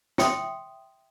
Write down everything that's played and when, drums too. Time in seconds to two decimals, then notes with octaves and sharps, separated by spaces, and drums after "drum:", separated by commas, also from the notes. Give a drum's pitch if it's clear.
0.18 E5 G5 C6 D#6, drum: snare